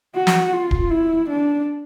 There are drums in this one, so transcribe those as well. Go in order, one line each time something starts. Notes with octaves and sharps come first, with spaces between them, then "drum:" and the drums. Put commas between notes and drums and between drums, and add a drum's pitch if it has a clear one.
F#4
drum: snare
F4
drum: kick D1
E4
D4